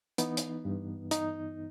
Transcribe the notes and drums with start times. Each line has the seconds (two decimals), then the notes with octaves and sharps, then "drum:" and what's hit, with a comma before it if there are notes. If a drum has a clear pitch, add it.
0.18 E3 B3 D#4, drum: hi-hat
0.37 drum: hi-hat
0.65 G2
1.11 D#4, drum: hi-hat